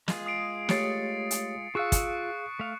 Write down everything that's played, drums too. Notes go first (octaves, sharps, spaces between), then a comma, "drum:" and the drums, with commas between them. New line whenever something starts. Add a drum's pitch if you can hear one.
G#3 F4 G#4, drum: snare
D#6 C7 D7
A3 G4 C#5 A6 C7 C#7, drum: snare
drum: hi-hat
F4 G#4 F5 C#6 E6 F#6 C#7
drum: kick, hi-hat
A3 F5